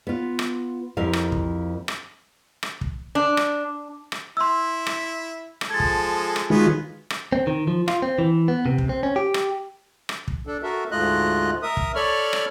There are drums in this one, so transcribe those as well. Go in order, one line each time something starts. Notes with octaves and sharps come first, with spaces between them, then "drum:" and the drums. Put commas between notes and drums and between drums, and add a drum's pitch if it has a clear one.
B3 F4
drum: rim click
F2 E4 G4 A#4 F5
drum: rim click
drum: kick
drum: rim click
drum: rim click
drum: kick
D4
drum: rim click
drum: rim click
E4 C6 E6
drum: rim click
drum: rim click
F3 G#3 A4 G#6 A6
drum: kick
drum: rim click
D#3 F#3 G#3 B3 F4 G#4
drum: rim click
C4
D#3
F3
F4, drum: rim click
C4
E3
B3
C3
drum: kick
C4
C#4
G4
drum: rim click
drum: rim click
drum: kick
D4 A4
F#4 A4 A#4 E5
D2 G#2 A3 F4 D#5 F#6
A#4 E5 D#6
drum: kick
A4 C#5 D5 B5 C#6 F6
drum: rim click